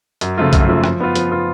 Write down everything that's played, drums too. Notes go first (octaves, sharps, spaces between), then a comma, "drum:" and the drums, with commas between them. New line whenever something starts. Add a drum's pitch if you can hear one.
F#2, drum: hi-hat
C#3 F3 A3 F4
F#2, drum: kick B1, hi-hat
C#3 F3 A3 F4
F3, drum: rim click
B3 F4
F3, drum: hi-hat
B3 F4